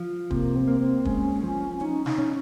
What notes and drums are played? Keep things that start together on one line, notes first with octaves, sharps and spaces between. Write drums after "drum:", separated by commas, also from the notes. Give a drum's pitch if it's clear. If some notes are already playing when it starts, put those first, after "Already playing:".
Already playing: F3
C3 A#3, drum: kick
C4
A#3
C4
G#3 C#4, drum: kick
F3
C#4 D#4
D#4, drum: snare
C#4